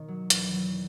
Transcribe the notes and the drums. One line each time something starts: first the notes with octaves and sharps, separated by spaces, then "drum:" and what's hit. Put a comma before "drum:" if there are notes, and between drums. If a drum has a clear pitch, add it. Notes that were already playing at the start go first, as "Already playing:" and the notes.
Already playing: B2 D#3 C#5 D#5
F#3
E2, drum: hi-hat
F#3